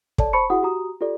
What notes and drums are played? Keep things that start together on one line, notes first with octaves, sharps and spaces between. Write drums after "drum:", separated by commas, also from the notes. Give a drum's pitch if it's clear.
A4 C#5 D5 A5, drum: kick
C5 A5 B5 C#6 C#7
E4 F#4 G#4 F#5 D#6
F#4 G4 A#5 D#6
F4 G4 A4 D5